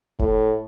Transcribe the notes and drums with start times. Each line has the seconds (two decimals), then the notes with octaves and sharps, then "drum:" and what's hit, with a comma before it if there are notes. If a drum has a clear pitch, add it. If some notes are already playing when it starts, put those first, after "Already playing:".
0.19 A2, drum: kick